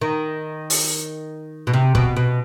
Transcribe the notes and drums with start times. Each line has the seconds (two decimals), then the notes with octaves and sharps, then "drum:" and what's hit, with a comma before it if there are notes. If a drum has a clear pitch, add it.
0.01 D#3
0.70 drum: open hi-hat
1.67 B2
1.73 C3
1.95 B2, drum: kick
2.17 B2